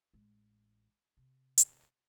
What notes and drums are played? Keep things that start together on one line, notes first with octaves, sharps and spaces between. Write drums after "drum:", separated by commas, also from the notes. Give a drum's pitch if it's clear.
A1 G#3
C3
drum: hi-hat